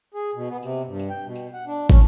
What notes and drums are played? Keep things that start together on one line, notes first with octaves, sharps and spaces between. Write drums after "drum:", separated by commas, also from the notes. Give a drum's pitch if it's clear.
G#4
B2
B3
C3, drum: tambourine
G2
drum: tambourine
G5
B2
drum: tambourine
F#5
D4
C#4, drum: kick